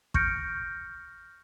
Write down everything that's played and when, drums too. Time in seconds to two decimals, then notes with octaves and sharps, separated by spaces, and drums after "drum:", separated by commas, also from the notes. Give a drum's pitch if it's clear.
0.14 C#6 F6 G6 A#6 C#7 D7, drum: kick